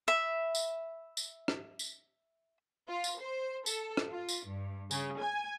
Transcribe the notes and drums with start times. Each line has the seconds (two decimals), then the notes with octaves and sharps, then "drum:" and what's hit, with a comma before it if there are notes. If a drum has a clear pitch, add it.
0.08 E5 B5
0.55 drum: tambourine
1.17 drum: tambourine
1.48 drum: rim click
1.79 drum: tambourine
2.88 F4
3.04 drum: tambourine
3.21 C5
3.66 A4, drum: tambourine
3.97 drum: rim click
4.10 F4
4.29 drum: tambourine
4.46 G2
4.91 C#3, drum: tambourine
5.21 G#5